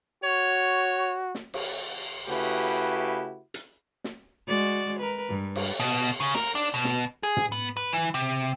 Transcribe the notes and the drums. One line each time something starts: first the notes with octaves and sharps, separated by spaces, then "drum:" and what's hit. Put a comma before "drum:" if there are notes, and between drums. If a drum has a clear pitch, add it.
F#4 C#5
drum: snare
drum: cymbal
C#3 A3 E4 F#4 G4 B4
drum: hi-hat
drum: snare
G#3 F#4 D5
A#4 B4
G2
drum: cymbal
B2
C#3
A#4, drum: snare
D4
B2
drum: snare
G#4
drum: tom
B3
B4
E3
C3